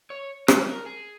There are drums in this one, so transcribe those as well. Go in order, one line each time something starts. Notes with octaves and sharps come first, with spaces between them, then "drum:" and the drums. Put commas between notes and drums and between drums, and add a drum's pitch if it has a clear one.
C#5
F#2 D3 G3 C4 A#4, drum: rim click
A#4
G#4